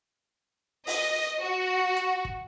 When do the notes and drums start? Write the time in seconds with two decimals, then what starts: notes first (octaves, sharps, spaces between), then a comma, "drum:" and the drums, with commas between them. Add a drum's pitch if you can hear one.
0.87 D#5, drum: open hi-hat
1.42 F#4
1.97 drum: hi-hat
2.25 drum: kick